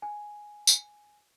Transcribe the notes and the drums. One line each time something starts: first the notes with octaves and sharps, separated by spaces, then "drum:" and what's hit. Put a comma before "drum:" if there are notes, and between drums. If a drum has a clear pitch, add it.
G#5
drum: tambourine